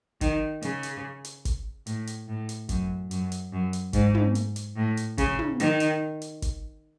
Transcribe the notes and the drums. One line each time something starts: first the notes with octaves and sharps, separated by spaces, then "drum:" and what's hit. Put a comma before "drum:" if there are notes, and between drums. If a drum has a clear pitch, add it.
D#3, drum: kick, hi-hat
C#3, drum: hi-hat
drum: hi-hat
drum: hi-hat
drum: kick, hi-hat
A2, drum: hi-hat
drum: hi-hat
A2
drum: hi-hat
F#2, drum: kick, hi-hat
F#2, drum: hi-hat
drum: hi-hat
F#2
drum: hi-hat
G#2, drum: kick, hi-hat
drum: tom
drum: hi-hat
drum: hi-hat
A2
drum: hi-hat
C#3, drum: kick, hi-hat
drum: tom
D#3, drum: hi-hat
drum: hi-hat
drum: hi-hat
drum: kick, hi-hat